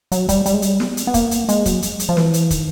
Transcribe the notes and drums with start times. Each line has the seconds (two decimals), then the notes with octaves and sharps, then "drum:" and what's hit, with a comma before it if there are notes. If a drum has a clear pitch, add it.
0.12 F#3, drum: hi-hat
0.29 G3, drum: kick, hi-hat
0.46 G3, drum: hi-hat
0.54 G#3
0.62 G3, drum: hi-hat
0.80 B3, drum: snare
0.97 drum: hi-hat
1.07 B3
1.14 A#3, drum: kick, hi-hat
1.31 drum: hi-hat
1.49 G#3, drum: hi-hat
1.66 F#3, drum: kick, hi-hat
1.82 drum: hi-hat
1.99 drum: hi-hat
2.09 F3
2.17 E3, drum: snare
2.34 drum: hi-hat
2.50 D#3, drum: kick, hi-hat